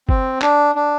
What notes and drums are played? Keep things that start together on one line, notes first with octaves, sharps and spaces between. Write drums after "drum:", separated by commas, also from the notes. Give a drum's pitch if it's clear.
C4, drum: kick
D4, drum: clap
D4